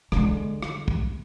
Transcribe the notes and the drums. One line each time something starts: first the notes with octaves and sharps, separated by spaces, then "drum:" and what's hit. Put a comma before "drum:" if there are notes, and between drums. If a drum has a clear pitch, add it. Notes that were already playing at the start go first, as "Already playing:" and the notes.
D3 G#3, drum: rim click
drum: rim click
drum: kick